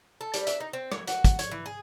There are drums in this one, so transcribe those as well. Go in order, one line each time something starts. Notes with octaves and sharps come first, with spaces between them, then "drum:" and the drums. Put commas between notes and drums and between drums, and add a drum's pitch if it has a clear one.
A4
G3, drum: hi-hat
E5, drum: hi-hat
D#4
C4
C#5, drum: rim click
F#4, drum: hi-hat
drum: kick, hi-hat
C#5, drum: hi-hat
E3
G#4